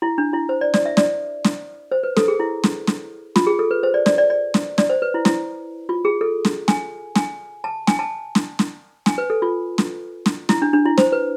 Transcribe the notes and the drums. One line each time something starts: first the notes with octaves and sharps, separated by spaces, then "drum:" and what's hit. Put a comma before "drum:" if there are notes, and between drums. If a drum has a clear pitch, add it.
E4
D4
E4
C5
D5
D5, drum: snare
E5
D5, drum: snare
drum: snare
C5
B4
A4, drum: snare
G#4
E4
drum: snare
drum: snare
F4, drum: snare
G#4
A4
B4
C5
D5
D5, drum: snare
D5
D5
drum: snare
D5, drum: snare
C5
B4
E4
E4, drum: snare
F4
G#4
A4
drum: snare
G#5, drum: snare
G#5, drum: snare
A5
G#5, drum: snare
A5
drum: snare
drum: snare
G#5, drum: snare
B4
A4
F4
drum: snare
drum: snare
E4, drum: snare
D4
D4
E4
C5, drum: snare
B4